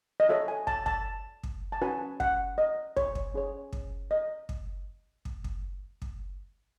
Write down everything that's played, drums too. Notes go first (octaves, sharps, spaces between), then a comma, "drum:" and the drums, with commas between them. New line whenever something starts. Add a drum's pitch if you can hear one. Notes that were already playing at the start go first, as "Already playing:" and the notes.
D#5
F#4 A4 C#5 E5
G#5
A5, drum: kick
A5, drum: kick
drum: kick
A5
C#4 F#4 B4 G#5
F#5, drum: kick
D#5
C#5, drum: kick
drum: kick
C#4 G#4 C#5
drum: kick
D#5
drum: kick
drum: kick
drum: kick
drum: kick